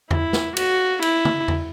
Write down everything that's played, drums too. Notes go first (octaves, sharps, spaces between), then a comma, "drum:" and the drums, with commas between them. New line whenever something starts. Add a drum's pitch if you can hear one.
E4, drum: tom E2
drum: snare
F#4, drum: cymbal
E4, drum: cymbal
drum: tom
drum: tom E2